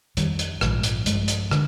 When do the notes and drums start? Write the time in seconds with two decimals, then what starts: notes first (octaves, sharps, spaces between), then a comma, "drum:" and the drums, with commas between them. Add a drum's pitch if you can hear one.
0.17 F2 D#3 G3, drum: hi-hat
0.39 drum: hi-hat
0.61 A#1 G#2 F3, drum: rim click
0.83 drum: hi-hat
1.06 G2 F3 G#3, drum: hi-hat
1.28 drum: hi-hat
1.51 D3, drum: rim click